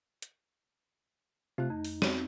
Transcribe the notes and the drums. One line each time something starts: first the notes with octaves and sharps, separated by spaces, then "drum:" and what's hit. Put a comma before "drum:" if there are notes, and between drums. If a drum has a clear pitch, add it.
drum: hi-hat
C3 A3 F4 F#6
F2 D#4
drum: open hi-hat
B3 C4, drum: snare